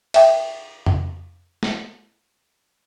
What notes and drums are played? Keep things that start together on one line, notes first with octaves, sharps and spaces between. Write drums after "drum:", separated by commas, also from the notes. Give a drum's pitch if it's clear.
E5 G5, drum: cymbal
drum: tom F2
drum: snare